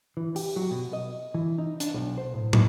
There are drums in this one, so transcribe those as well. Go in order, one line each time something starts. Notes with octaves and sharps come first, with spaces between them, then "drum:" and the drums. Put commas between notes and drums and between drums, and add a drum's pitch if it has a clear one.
E3
G4, drum: open hi-hat
F#3
B2
D#5
E3
D#4
D4, drum: hi-hat
B1
C5
A2
D#4, drum: tom